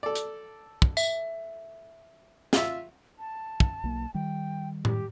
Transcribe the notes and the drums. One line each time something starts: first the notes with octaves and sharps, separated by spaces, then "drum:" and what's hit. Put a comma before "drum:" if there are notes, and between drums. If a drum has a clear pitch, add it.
A4 D5
drum: hi-hat
drum: kick
E5, drum: tambourine
F4 E5, drum: snare
A5
drum: kick
B1 A#3
D#3 G3 G5
G4, drum: tom A2